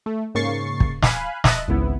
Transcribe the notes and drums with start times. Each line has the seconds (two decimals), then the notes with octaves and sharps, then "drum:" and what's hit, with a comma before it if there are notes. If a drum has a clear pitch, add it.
0.06 A3
0.35 G#2 C#3 A#3 C#6 A6 C7
0.80 drum: kick
1.03 F5 G#5 B5 F#6, drum: snare
1.44 D#5 E5 A5 F#6, drum: snare
1.68 G#1 C#2 B3 E4